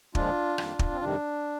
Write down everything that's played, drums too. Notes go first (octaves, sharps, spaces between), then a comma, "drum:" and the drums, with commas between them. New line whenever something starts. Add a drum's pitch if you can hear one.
A#2 F3 G#3 D4 F4, drum: kick
F2 D#3 G3 A#3, drum: rim click
drum: kick
C4
F2 C3 D#3 G3 D4